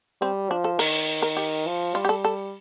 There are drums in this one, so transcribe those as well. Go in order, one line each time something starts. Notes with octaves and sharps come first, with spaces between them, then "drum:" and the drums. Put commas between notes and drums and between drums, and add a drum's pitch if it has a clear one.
G3 C4
F3 D4
A4
D#3 A#4, drum: open hi-hat
A#4
G4
F3
G3 F4
G4
A4
A4